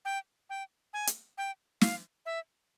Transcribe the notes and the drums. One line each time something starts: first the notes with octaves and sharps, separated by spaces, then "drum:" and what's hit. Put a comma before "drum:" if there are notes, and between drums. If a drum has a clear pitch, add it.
G5
G5
G#5
drum: hi-hat
G5
F5, drum: snare
E5